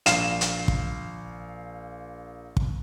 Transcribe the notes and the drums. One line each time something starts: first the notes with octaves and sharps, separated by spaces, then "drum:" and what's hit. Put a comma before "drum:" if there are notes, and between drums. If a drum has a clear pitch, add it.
A#1 F5 E7, drum: hi-hat
drum: hi-hat
drum: kick
drum: kick